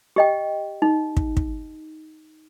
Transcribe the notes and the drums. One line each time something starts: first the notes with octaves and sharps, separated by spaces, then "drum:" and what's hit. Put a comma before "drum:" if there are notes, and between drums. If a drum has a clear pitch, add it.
G4 D#5 G5
D#4
drum: kick
drum: kick